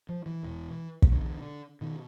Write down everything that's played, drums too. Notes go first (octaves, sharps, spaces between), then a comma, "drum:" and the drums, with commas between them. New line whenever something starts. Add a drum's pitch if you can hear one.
F3
E3
E1 E2 B2
drum: kick
E1 E2 B2 D3
B2 D#3